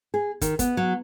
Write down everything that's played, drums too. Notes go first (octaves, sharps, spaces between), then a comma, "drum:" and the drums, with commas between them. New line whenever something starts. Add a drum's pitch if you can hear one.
G#4
D#3, drum: kick, hi-hat
B3, drum: kick, hi-hat
F#3